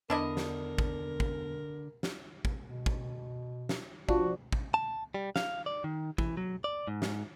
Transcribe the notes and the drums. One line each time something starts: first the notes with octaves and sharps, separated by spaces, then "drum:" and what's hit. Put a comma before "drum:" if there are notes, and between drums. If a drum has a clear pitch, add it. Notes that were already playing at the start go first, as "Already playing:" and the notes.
E2 D3 B3 D4 E4 A#4 D#5 A5
drum: snare
drum: kick
drum: kick
drum: snare
drum: kick
B2
drum: kick
drum: snare
F3 D4 F#4, drum: kick
drum: kick
A5
G3
F5, drum: snare
D5
D#3
E3, drum: kick
F#3
D5
G#2
drum: snare